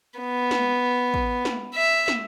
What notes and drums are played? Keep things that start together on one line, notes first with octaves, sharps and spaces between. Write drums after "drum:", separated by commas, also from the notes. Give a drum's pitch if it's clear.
B3
drum: snare
drum: kick
drum: snare
E5
drum: snare